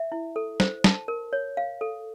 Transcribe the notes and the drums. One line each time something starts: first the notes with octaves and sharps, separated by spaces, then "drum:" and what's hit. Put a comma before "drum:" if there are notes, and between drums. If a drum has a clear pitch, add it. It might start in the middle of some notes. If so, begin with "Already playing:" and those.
Already playing: E5
E4
A4
C5, drum: snare
A5, drum: snare
A#4
C#5
F5
A4